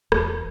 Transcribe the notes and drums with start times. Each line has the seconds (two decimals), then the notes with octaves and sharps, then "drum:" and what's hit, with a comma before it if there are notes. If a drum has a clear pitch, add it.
0.12 E1, drum: rim click